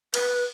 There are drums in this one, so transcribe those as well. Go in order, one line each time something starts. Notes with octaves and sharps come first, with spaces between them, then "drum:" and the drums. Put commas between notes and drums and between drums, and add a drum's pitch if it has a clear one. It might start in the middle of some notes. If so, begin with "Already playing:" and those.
B4, drum: cymbal